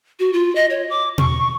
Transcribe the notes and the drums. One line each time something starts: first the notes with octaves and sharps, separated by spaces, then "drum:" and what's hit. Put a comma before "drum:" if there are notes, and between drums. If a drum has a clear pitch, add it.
F#4
F4
D#5
C#5
D6
C#6, drum: tom B2